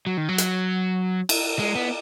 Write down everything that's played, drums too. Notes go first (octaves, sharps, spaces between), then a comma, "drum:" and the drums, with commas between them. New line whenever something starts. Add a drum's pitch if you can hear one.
F#3
D#3
F#3
drum: hi-hat
drum: cymbal
G#3
B3